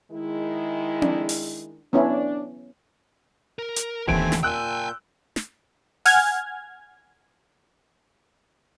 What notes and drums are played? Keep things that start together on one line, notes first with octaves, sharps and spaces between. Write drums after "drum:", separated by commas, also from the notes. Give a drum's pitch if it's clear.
D#3 G#3 E4
D4, drum: tom C4
drum: open hi-hat
B3 C#4 D4 E4
A#4
drum: hi-hat
D#2 D3 E3 A3 C4 G#5 D7, drum: kick E1
drum: snare
A#2 G5 G#5 E6 F#6 G6
drum: snare
F#5 G#5 F6 G#6, drum: open hi-hat